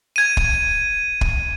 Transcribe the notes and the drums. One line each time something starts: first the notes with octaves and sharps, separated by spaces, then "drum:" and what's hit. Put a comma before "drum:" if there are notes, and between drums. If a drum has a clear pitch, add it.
G#6 D#7
drum: kick
drum: kick